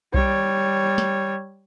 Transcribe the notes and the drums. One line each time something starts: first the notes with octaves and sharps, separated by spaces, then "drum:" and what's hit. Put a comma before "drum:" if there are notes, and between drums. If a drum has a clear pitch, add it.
G3 C#5, drum: kick B1
drum: snare